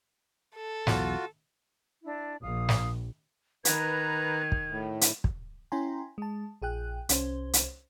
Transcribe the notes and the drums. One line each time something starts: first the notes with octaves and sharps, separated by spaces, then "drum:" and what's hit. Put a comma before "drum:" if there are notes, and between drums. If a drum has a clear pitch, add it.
A4
B1 E2 F4 F#4, drum: snare
D4 E4
A#1 F5 D#6
drum: snare
D#3 B4 A#5 G#6, drum: hi-hat
drum: kick
A2
drum: hi-hat
drum: kick
C#4 E4 G5 G#5 A#5 C6
G#3 A5
A#1 G#4 G5 F#6
C2 C#4 C5, drum: hi-hat
drum: hi-hat